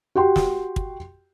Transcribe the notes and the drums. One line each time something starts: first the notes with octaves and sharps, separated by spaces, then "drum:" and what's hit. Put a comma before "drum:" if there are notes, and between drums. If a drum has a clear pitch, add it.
F#4 G4 G5 C6
drum: snare
drum: kick